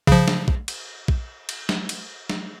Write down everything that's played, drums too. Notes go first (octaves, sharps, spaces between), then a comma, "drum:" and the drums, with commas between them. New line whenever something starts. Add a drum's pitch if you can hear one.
C#3 F3, drum: kick A#1
drum: snare
drum: kick A#1
drum: cymbal
drum: kick A#1
drum: cymbal
drum: snare
drum: cymbal
drum: snare